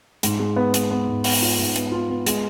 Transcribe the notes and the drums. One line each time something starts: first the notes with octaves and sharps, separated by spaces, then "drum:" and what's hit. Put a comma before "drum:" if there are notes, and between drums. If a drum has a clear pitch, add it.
G#2, drum: hi-hat
G#3
B3
B3, drum: hi-hat
B3
G#2
B3, drum: open hi-hat
F4
G#2
B3, drum: hi-hat
F4
B3
G#3, drum: hi-hat